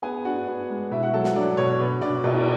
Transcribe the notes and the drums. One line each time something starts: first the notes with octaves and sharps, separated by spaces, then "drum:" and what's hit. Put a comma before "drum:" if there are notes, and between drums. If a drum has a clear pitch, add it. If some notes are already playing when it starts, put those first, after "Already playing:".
B3 G#4 G#5
D4 F#4 F#5
B3
G#3
B2 E4 E5
F#4 F#5
F#3 A4 A5
F#4 F#5, drum: snare
F#3 D4 D5
B2 C#5
B2 B4
B2 D4 D5
B2, drum: cymbal